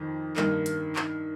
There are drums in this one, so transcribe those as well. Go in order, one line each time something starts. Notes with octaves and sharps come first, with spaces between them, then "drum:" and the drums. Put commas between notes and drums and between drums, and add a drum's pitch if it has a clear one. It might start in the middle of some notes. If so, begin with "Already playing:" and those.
Already playing: F2 D#3
G2 D#3 A#3, drum: clap
drum: hi-hat
drum: clap